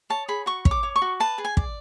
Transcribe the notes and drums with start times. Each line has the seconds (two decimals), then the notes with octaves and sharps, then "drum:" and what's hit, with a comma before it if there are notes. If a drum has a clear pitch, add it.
0.10 C#5 A5
0.28 G#4 B5
0.46 F#4 C#6
0.65 C#5, drum: kick
0.71 D6
0.83 C#5
0.96 C#6
1.02 F#4
1.20 B4 A5
1.38 G#4
1.45 G#5
1.57 D5, drum: kick